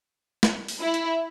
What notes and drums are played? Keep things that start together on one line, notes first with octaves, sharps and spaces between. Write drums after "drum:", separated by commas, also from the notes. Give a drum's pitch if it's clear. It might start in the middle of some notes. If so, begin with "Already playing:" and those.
drum: snare
drum: open hi-hat
E4
drum: hi-hat